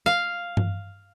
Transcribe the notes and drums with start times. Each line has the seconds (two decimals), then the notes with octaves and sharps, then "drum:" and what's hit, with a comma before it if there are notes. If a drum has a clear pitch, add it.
0.06 F5
0.57 drum: tom G2